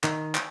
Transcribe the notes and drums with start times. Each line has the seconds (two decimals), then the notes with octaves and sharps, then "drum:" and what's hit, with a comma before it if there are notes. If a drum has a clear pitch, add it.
0.04 D#3, drum: clap
0.35 drum: clap